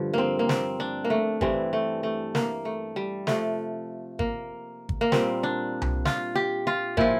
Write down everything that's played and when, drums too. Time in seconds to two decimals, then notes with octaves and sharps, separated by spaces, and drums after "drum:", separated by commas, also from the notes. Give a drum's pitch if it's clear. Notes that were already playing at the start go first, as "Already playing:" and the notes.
Already playing: G2 D3 F3
0.14 A#3 C4
0.39 A#3
0.49 C4, drum: snare
0.80 D4
1.05 A#3
1.10 A3
1.41 G2 E3 G3 C4, drum: kick
1.73 A3
2.03 A3
2.35 A#3, drum: snare
2.65 A3
2.96 G3
3.27 C3 F3 A3, drum: snare
4.19 A#3, drum: kick
4.89 drum: kick
5.01 A#3
5.12 A#2 G3 C4, drum: snare
5.43 D4
5.82 drum: tom C2
6.05 F4, drum: snare
6.36 G4
6.67 F4
6.97 A#2 F3 E4, drum: kick